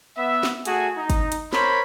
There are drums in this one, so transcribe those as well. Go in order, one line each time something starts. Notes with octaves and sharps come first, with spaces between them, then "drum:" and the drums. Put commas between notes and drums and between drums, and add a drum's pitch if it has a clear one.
B3 E5
drum: snare
A3 F#4 G#4, drum: hi-hat
D#4
drum: kick, hi-hat
drum: hi-hat
A#4 C5 C#5 B5, drum: snare